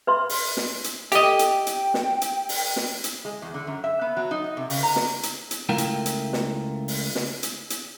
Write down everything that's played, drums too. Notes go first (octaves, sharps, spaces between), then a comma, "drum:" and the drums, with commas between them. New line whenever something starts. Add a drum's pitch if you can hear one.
B4 E5 C6
drum: open hi-hat
drum: snare
drum: hi-hat
G4 A4 D#5 E5, drum: hi-hat
drum: hi-hat
G5
drum: hi-hat
drum: snare
drum: hi-hat
drum: open hi-hat
drum: snare
drum: hi-hat
G#3
E2
D3
F#2
E5
B3
F#3
D#4
D#5
C3
C#3, drum: open hi-hat
A#5
drum: snare
drum: hi-hat
drum: hi-hat
C#2 A3 E4 F4 A#4 G5
drum: hi-hat
drum: hi-hat
drum: snare
drum: open hi-hat
drum: snare
drum: hi-hat
drum: hi-hat